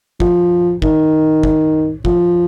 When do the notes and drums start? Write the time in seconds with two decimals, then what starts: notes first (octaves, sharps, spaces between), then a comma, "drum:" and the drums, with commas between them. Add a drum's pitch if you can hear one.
0.20 F3, drum: kick
0.82 D#3, drum: kick
1.43 drum: kick
2.05 F3, drum: kick